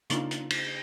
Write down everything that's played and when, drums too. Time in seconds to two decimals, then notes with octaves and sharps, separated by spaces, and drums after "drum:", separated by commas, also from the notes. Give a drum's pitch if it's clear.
0.10 C#3 A#3 D4 D#4 F4, drum: hi-hat
0.31 drum: hi-hat
0.50 drum: cymbal